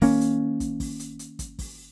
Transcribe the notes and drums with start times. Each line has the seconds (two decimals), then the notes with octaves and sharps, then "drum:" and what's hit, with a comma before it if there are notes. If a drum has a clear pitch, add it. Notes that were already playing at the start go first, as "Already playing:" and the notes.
0.01 D#3 A#3 C#4, drum: kick, open hi-hat
0.21 drum: hi-hat
0.60 drum: kick, hi-hat
0.80 drum: kick, open hi-hat
1.00 drum: hi-hat
1.19 drum: hi-hat
1.39 drum: kick, hi-hat
1.59 drum: kick, open hi-hat